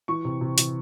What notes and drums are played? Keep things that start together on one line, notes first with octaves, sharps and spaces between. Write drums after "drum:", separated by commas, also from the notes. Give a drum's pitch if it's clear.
E3 C#6
C3
C3
E3, drum: hi-hat